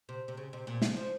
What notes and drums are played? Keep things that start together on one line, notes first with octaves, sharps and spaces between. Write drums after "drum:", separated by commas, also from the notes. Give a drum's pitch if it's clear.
C3
C3
C#3
C3
A#2
C#3, drum: snare
F3